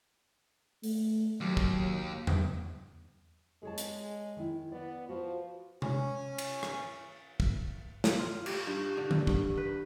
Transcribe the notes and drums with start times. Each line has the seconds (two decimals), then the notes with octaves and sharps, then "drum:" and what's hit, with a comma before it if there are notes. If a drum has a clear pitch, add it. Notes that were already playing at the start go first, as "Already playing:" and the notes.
0.84 A3, drum: open hi-hat
1.41 D#2 F#3
1.57 drum: kick
2.27 drum: tom E2
3.63 G#3 G#4 C#5 A5
3.78 drum: hi-hat
4.36 D#3 E4
4.72 B3 D5
5.09 F3 F#4 B4
5.82 C#4, drum: tom C3
6.38 drum: cymbal
6.63 drum: rim click
7.40 drum: kick
8.04 drum: snare
8.19 F4
8.46 G4, drum: cymbal
8.67 G2
8.97 D3
9.11 drum: tom D3
9.27 G2, drum: kick
9.57 B4